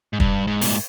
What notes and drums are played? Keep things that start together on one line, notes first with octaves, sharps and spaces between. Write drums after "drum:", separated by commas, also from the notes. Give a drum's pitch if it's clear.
G#2
G2, drum: kick
G#2
B2, drum: open hi-hat
A#2